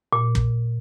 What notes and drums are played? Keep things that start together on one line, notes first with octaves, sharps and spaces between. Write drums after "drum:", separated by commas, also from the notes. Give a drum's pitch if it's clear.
A#2
drum: kick